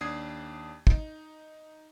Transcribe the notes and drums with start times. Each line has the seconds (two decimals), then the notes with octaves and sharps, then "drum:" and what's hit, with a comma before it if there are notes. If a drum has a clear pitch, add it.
0.01 D#2 D4 D#6 G#6 C7
0.87 D#4, drum: kick